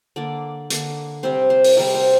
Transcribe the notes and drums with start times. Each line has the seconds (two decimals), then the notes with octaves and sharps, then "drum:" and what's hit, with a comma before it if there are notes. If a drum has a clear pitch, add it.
0.16 D3 A#3 D5
0.70 D3 A#3, drum: hi-hat
1.23 C3 G3 C4 C5
1.50 C5
1.64 drum: open hi-hat
1.77 C3 G3 C4 A#4
1.95 C5